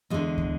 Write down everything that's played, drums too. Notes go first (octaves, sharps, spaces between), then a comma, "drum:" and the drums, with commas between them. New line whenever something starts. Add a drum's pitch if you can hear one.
E2 D3 G#3
drum: kick